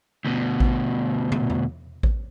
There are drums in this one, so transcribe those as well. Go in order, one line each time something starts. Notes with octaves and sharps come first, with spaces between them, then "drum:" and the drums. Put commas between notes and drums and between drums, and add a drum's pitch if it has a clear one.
D2 B2
drum: kick A1
drum: tom
drum: tom E2
drum: kick A1